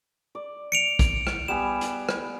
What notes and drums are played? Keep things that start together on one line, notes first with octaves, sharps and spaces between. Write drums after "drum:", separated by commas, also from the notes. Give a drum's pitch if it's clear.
D5
C#7 D7 F7
drum: kick, hi-hat
drum: rim click
G3 B3 G#5 E7
drum: hi-hat
drum: rim click